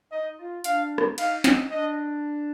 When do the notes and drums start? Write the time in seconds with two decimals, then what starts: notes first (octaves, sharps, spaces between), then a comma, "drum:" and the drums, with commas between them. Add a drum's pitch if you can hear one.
0.11 D#4 D#5
0.38 F4
0.64 D4 F5, drum: hi-hat
0.98 drum: rim click
1.18 D#4 F5, drum: cymbal
1.44 D#4, drum: snare
1.71 D4 D#5